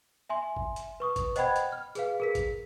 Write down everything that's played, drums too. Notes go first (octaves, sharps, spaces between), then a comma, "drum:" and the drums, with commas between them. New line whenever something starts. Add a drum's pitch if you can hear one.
E5 G#5 C6
drum: kick G1
drum: hi-hat
B4 C#6 D#6
drum: kick G1, hi-hat
C5 D#5 F#5 G5 B5 G#6, drum: hi-hat
drum: hi-hat
F6
G#4 B4 F5, drum: hi-hat
G#4 A#4 B6
drum: kick G1, hi-hat